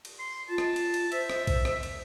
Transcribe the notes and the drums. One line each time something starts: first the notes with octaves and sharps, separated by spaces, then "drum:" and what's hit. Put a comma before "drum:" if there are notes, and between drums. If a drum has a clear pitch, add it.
drum: cymbal
C6
F4 A5
drum: rim click
drum: cymbal
drum: cymbal
C5 E5, drum: cymbal
drum: rim click
drum: kick, cymbal
drum: rim click
drum: cymbal